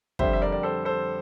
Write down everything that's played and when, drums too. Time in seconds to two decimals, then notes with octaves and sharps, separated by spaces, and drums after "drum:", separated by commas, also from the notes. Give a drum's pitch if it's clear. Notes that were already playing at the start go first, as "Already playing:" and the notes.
0.19 F2 D3 G3 C5 E5, drum: kick
0.33 E5
0.41 A#4 D5
0.52 D5
0.63 A4 C5
0.85 A4 C5